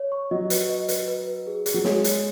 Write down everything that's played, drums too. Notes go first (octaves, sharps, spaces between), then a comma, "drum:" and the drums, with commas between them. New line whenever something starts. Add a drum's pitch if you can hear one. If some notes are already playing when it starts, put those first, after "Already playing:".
Already playing: C#5
C#6
F#3 D#5
B4, drum: hi-hat
D#5
B4, drum: hi-hat
B4
B4
G#4
G#4, drum: hi-hat
F#3
G#3 C#5, drum: snare
C#5, drum: hi-hat